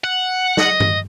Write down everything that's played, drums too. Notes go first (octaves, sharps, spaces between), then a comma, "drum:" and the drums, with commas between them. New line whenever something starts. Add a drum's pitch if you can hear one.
F#5
D#5, drum: snare
drum: tom G2